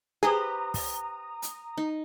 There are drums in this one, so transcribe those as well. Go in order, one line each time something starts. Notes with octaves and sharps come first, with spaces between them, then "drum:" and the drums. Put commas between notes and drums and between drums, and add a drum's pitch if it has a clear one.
G4 G#4 B4 C5 A#5 D#6
drum: kick, open hi-hat
drum: hi-hat
D#4